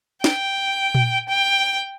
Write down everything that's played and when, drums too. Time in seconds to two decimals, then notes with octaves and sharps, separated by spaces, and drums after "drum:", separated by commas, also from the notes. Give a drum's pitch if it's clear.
0.24 G5, drum: snare
0.95 drum: tom A#2
1.29 G5